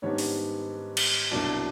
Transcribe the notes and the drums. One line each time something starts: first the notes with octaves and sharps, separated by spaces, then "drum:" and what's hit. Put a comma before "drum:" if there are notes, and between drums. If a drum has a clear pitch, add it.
G#2 D#3 G3 B3 C#4 D4 C#5
drum: open hi-hat
drum: cymbal
C2 B2 F#3 D4 D5